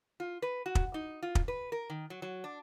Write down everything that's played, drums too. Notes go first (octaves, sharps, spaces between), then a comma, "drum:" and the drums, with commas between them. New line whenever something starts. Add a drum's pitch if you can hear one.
F4
B4
F#4
drum: kick
D#4
F4
drum: kick
B4
A#4
D#3
F#3
F#3
D4